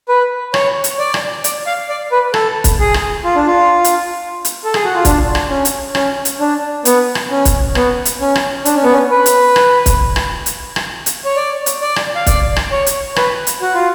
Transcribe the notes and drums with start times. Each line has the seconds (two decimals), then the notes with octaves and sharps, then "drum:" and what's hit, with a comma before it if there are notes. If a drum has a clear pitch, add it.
0.09 B4
0.54 C#5, drum: rim click
0.84 drum: hi-hat
0.99 D5
1.14 drum: rim click
1.44 D5, drum: hi-hat
1.66 F5
1.89 D5
2.12 B4
2.34 A4, drum: rim click
2.64 drum: kick, hi-hat
2.80 G#4
2.94 drum: rim click
3.24 F4
3.35 D4
3.46 F4
3.84 drum: hi-hat
4.45 drum: hi-hat
4.64 A4
4.74 G#4, drum: rim click
4.85 F#4
4.95 F4
5.05 D4, drum: kick, hi-hat
5.35 drum: rim click
5.50 C#4
5.65 drum: hi-hat
5.95 C#4, drum: rim click
6.25 drum: hi-hat
6.40 D4
6.85 B3, drum: hi-hat
7.15 drum: rim click
7.30 C#4
7.45 drum: kick, hi-hat
7.75 B3, drum: rim click
8.05 drum: hi-hat
8.21 C#4
8.35 drum: rim click
8.65 D4, drum: hi-hat
8.75 C#4
8.84 B3
8.92 C#4
9.10 B4
9.26 drum: hi-hat
9.56 drum: rim click
9.86 drum: kick, hi-hat
10.16 drum: rim click
10.46 drum: hi-hat
10.76 drum: rim click
11.06 drum: hi-hat
11.25 C#5
11.36 D5
11.66 drum: hi-hat
11.81 D5
11.96 drum: rim click
12.15 F5
12.26 D5, drum: kick, hi-hat
12.56 drum: rim click
12.72 C#5
12.86 drum: hi-hat
13.16 B4, drum: rim click
13.47 drum: hi-hat
13.61 F#4
13.75 F4